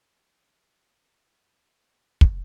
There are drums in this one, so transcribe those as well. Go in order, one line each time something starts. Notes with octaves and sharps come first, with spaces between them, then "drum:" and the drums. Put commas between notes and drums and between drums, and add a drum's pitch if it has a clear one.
G#4 F5
G3
G#3
C#4
F5
drum: kick